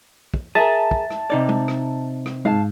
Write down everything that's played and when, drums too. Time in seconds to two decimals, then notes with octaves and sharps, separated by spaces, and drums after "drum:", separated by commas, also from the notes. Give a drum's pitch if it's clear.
0.34 drum: kick
0.55 G#4 A#4 E5 A5
0.91 drum: kick
1.10 drum: rim click
1.30 C3 D#4 D5
1.49 drum: tom G#3
1.68 drum: rim click
2.26 drum: rim click
2.45 G#2 F5 A5